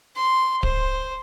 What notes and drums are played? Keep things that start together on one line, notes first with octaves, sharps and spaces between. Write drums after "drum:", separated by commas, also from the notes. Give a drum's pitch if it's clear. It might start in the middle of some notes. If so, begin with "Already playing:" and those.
C6
C5, drum: kick D1